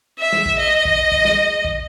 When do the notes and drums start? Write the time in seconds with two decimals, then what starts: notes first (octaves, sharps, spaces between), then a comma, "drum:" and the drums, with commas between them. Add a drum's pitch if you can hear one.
0.19 E5
0.33 drum: snare
0.46 drum: kick
0.58 D#5
0.85 drum: kick
1.12 drum: kick
1.25 drum: snare
1.65 drum: kick